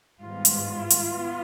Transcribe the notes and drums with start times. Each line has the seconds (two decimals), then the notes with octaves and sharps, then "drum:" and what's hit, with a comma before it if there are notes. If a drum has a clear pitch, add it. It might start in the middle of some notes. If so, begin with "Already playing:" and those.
0.22 G#2 D#3 G3 B3 F4
0.45 drum: hi-hat
0.90 drum: hi-hat
1.13 B3